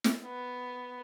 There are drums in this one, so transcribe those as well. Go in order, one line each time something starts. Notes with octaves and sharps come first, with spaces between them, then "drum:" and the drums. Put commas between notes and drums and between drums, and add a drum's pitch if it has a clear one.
drum: snare
B3